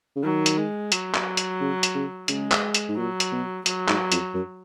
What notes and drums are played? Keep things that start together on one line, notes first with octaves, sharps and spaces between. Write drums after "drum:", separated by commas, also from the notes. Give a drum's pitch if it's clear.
C#3
D#3 F#3
drum: hi-hat
G#3
F#3, drum: hi-hat
drum: clap
drum: hi-hat
C#3
drum: hi-hat
C#3
C#3 G#3, drum: hi-hat
drum: clap
drum: hi-hat
G#2
A#2 F#3
drum: hi-hat
B2
F#3, drum: hi-hat
G#2, drum: clap
F2, drum: hi-hat
F#2